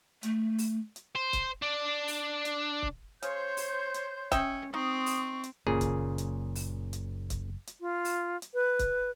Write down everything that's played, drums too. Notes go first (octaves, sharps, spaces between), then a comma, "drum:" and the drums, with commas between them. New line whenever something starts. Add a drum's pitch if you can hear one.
A3, drum: hi-hat
drum: open hi-hat
drum: hi-hat
C5
drum: kick C#1, hi-hat
D4
drum: open hi-hat
drum: hi-hat
drum: kick C#1
C#3 C5 C#5 G6, drum: hi-hat
drum: open hi-hat
drum: hi-hat
C#4 D#5 E5 G5, drum: kick C#1, hi-hat
C4 D#4 C6 C#6 D#6
drum: open hi-hat
drum: hi-hat
F#1 A#2 C#3 C#4 G#4
drum: kick C#1, hi-hat
drum: hi-hat
drum: open hi-hat
drum: hi-hat
drum: kick C#1, hi-hat
drum: hi-hat
F4
drum: open hi-hat
drum: hi-hat
B4
drum: kick C#1, hi-hat